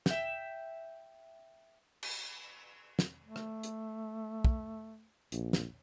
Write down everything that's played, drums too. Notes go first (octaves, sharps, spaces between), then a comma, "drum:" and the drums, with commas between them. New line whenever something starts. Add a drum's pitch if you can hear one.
E5 G5, drum: snare
drum: cymbal
drum: snare
A3
drum: rim click
drum: hi-hat
drum: kick
A#1, drum: hi-hat
drum: snare